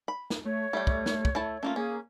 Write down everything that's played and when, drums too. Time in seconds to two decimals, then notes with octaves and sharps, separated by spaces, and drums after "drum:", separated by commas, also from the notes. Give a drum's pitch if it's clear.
0.08 B5
0.30 drum: snare
0.45 A3 C#5
0.73 G3 A3 G5
0.87 drum: kick
1.06 drum: snare
1.25 drum: kick
1.35 A3 E4 A5
1.63 A3 A#3 C#4 F4
1.76 A#3 C#4 G#4